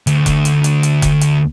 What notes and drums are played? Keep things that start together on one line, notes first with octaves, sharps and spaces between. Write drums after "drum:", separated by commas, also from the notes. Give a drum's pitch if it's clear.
D2, drum: hi-hat
drum: kick F1, hi-hat
drum: hi-hat
drum: hi-hat
drum: hi-hat
drum: kick F1, hi-hat
drum: hi-hat